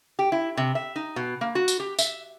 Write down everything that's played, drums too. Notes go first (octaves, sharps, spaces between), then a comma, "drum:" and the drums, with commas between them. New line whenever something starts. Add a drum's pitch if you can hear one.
G4
E4
C3
E5
D#4
B2
A#3
F#4
drum: tambourine
G4
E5, drum: tambourine